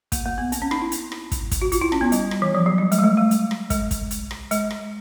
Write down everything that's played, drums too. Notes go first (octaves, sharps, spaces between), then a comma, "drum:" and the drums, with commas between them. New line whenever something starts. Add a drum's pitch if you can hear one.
A#3, drum: kick, hi-hat
A#3
B3
C4, drum: hi-hat
C#4
D#4, drum: rim click
E4
drum: hi-hat
drum: rim click
drum: kick, hi-hat
drum: kick, hi-hat
F#4
F4, drum: hi-hat
E4
C#4, drum: rim click
B3
G3, drum: hi-hat
drum: rim click
E3
F3
F#3
G3
G#3, drum: hi-hat
A3
G#3
A3
drum: hi-hat
drum: rim click
G#3, drum: kick, hi-hat
drum: kick, hi-hat
drum: hi-hat
drum: rim click
G#3, drum: hi-hat
drum: rim click